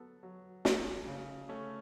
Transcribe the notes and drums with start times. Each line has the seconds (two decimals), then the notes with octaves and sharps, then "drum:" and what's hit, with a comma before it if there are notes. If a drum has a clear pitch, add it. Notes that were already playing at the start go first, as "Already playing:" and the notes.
Already playing: F#3 B3 A4
0.23 F#3
0.65 B3 A4, drum: snare
1.07 C#3
1.49 A3 C#4